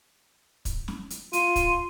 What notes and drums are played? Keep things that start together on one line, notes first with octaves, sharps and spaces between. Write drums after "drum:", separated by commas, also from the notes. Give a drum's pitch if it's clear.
drum: kick, hi-hat
drum: snare
drum: hi-hat
F4 C6 D#7, drum: hi-hat
drum: kick, hi-hat